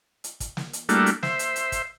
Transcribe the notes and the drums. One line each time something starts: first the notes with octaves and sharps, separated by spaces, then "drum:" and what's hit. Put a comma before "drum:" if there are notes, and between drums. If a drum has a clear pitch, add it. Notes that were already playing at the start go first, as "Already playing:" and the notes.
drum: hi-hat
drum: kick, hi-hat
drum: snare
drum: hi-hat
G3 A3 A#3 D4 E4 F#4, drum: hi-hat
drum: hi-hat
C5 E5, drum: snare
drum: hi-hat
drum: hi-hat
drum: kick, hi-hat